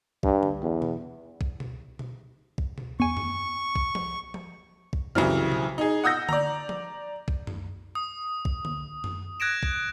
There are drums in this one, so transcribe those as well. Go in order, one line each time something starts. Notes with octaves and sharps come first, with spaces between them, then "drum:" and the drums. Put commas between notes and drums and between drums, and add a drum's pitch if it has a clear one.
G2, drum: kick
drum: tom D3
E2
drum: tom B2
drum: kick
drum: tom B2
drum: tom B2
drum: kick
drum: tom B2
E2 G#5 C#6
drum: tom F#2
drum: kick
drum: tom F3
drum: tom F3
drum: kick
C2 C#3 E3 F#3 C4 F6, drum: tom F#2
drum: tom B2
D#4 G#4
F#5 D#6 E6 G6 A#6
D5 A#5, drum: tom D3
drum: tom F3
drum: kick
drum: tom F#2
D#6
drum: kick
drum: tom D3
drum: tom F#2
F#6 G#6 A#6 D7 E7
drum: kick